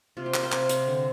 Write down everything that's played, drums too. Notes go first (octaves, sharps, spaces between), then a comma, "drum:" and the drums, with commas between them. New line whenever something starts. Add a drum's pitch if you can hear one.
C3 F4
G4
C3 A#4, drum: clap
C5
C3, drum: clap
C3, drum: hi-hat
D3